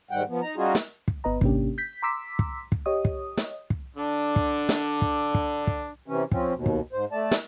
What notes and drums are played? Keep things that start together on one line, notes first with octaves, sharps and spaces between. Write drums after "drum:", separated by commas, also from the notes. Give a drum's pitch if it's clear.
G#2 D#3 G3 F#5 G5
F3 B3
D#4 A#5
G3 C#4 D#4 F4 F#4 G#4
drum: snare
drum: kick
G1 B3 B4 D#5 A#5
G#1 C3 A#3 C#4 D4 G4, drum: kick
G6 B6
A#5 C6 D6 E6 B6
drum: kick
drum: kick
G4 C#5 D#5 D#6
drum: kick
drum: snare
drum: kick
D3 D4
drum: kick
drum: snare
drum: kick
drum: kick
drum: kick
C3 E3 C#4
F3 C4 C#4, drum: kick
D#2 B2
drum: kick
G#2 C5
A3 D5 A5
drum: snare